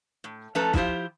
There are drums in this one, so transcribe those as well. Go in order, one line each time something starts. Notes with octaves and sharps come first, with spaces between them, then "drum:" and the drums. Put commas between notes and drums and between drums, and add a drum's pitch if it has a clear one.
A2
F3 A3 C#4 A4 B4 A#5
F3 E4 F4 G4 C5, drum: kick